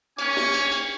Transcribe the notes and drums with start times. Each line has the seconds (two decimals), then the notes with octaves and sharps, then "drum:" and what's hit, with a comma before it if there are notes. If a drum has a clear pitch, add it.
0.19 A#3 C#4 G#5 C#6, drum: cymbal
0.36 drum: snare
0.54 drum: cymbal
0.72 drum: cymbal